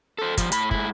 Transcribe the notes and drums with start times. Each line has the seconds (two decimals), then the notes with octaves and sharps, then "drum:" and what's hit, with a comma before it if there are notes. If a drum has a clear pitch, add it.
0.18 A4 C5
0.37 F3 G3, drum: kick, hi-hat
0.52 A2 B5, drum: hi-hat
0.71 G#2 E4, drum: kick